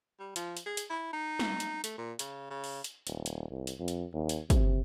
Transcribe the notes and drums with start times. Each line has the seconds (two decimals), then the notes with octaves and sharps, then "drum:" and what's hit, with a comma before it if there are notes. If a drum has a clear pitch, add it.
0.20 G3
0.36 F3, drum: hi-hat
0.57 drum: hi-hat
0.66 G#4
0.77 drum: hi-hat
0.90 E4
1.13 D#4
1.39 drum: snare
1.60 drum: hi-hat
1.84 A3, drum: hi-hat
1.98 A#2
2.19 C#3, drum: hi-hat
2.50 C#3
2.64 drum: open hi-hat
2.84 drum: hi-hat
3.07 D#1, drum: hi-hat
3.26 drum: hi-hat
3.50 C2
3.67 drum: hi-hat
3.79 F2
3.88 drum: hi-hat
4.13 D#2
4.29 drum: hi-hat
4.50 C3, drum: kick, hi-hat